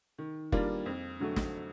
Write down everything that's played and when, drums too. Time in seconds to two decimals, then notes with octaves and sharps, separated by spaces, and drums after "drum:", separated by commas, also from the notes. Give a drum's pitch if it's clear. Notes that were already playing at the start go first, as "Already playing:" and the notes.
0.18 D#3
0.52 G3 A#3 D4 F4, drum: kick F1
0.86 F2
1.20 D3 F#3 A3
1.36 drum: snare